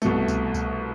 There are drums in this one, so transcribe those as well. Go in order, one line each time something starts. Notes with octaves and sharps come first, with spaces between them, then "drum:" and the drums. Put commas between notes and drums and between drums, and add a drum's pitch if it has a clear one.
C2 B2 A3, drum: tambourine
drum: kick C#2, tambourine
drum: kick C#2, tambourine